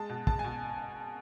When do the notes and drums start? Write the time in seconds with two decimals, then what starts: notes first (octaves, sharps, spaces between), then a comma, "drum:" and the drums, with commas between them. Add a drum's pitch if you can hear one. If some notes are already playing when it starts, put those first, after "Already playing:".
Already playing: G#3 A5
0.09 B2
0.27 G#3 A5, drum: kick
0.39 G#5
0.44 B2